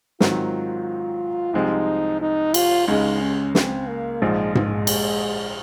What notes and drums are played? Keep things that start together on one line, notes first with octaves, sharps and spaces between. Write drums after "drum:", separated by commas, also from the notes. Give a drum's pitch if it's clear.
G#2 D#3 F#3 C4 F4, drum: snare
C2 C3 F3 G#3 C4 D#4
D#4
F4, drum: cymbal
C#2 C#3 G#3 D#4
C#4
C4, drum: snare
A#3
A#1 G#2 F3 G#3
G#3, drum: tom G#2
drum: cymbal